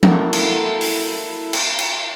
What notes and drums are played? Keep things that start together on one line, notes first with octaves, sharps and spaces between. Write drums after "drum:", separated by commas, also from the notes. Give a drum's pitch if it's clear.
A#3 E4 F#4 A4 A#4, drum: tom F3
drum: cymbal
drum: open hi-hat
drum: cymbal
drum: cymbal